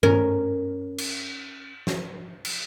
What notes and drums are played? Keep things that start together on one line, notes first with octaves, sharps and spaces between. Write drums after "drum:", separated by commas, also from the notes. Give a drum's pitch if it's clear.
C#4 A#4, drum: tom G2
drum: cymbal
drum: snare
drum: cymbal